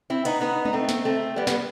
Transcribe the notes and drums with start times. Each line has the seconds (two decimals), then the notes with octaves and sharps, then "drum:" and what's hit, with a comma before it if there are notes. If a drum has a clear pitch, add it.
0.10 C4 E4
0.25 B3 D#4, drum: cymbal
0.41 B3 D#4
0.65 D#4, drum: tom G#3
0.73 A3 C4
0.89 drum: snare
1.05 A3 C4
1.36 G3 B3
1.47 G3 B3, drum: snare